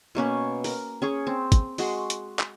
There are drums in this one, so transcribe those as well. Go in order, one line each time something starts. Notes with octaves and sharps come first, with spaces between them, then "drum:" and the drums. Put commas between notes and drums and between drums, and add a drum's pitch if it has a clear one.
B2 A#3 C#4 B4
A#4, drum: open hi-hat
C#4 G#4 C#5
C4
drum: kick, hi-hat
G#3 F#4 C6, drum: open hi-hat
drum: hi-hat
drum: clap